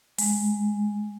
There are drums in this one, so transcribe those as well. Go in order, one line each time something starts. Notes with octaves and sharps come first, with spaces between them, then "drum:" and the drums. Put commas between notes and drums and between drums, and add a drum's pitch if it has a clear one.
G#3, drum: open hi-hat